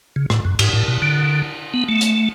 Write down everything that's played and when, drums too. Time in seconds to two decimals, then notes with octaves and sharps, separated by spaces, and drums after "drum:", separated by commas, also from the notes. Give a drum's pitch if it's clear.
0.16 C#3
0.30 A2, drum: rim click
0.45 F#2
0.59 G#2, drum: cymbal
0.73 A2
0.88 B2
1.02 D3
1.74 B3
1.89 A3
2.01 drum: hi-hat